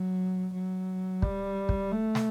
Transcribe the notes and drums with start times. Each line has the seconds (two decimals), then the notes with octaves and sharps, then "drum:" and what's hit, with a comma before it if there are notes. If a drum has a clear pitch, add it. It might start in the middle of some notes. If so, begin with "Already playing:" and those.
Already playing: F#3
0.53 F#3
1.22 G3, drum: kick
1.69 drum: kick
1.92 A3
2.15 drum: snare